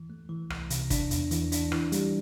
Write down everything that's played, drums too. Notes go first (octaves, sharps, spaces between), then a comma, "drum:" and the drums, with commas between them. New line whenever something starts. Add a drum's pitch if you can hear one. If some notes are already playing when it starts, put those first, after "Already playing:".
Already playing: E3
A3
E3
C2, drum: rim click
C3, drum: hi-hat
D4, drum: kick, hi-hat
E2, drum: hi-hat
E3, drum: hi-hat
D4, drum: hi-hat
E3, drum: rim click
G3, drum: hi-hat